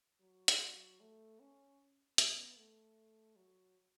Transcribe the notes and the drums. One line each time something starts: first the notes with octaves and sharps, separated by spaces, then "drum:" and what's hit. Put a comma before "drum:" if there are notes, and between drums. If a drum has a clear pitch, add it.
F#3
drum: hi-hat
A3
C#4
B3, drum: hi-hat
A3
F#3